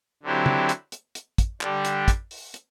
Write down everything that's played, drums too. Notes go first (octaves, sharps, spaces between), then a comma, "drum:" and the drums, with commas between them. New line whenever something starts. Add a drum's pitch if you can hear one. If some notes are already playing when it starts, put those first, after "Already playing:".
D3 F#3 C4 E4 G4
drum: tom
drum: hi-hat
drum: hi-hat
drum: hi-hat
drum: kick, hi-hat
D3 G3 D4 G4, drum: clap
drum: hi-hat
drum: kick, hi-hat
drum: open hi-hat
drum: hi-hat